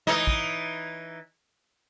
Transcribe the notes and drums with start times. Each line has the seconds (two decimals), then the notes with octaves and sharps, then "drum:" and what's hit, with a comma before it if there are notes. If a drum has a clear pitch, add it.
0.07 E3 D#4 D#5, drum: snare
0.27 drum: kick